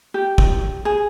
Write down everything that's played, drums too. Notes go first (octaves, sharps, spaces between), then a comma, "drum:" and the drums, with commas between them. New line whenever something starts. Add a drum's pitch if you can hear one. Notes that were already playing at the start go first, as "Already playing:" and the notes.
G4
drum: kick
G#4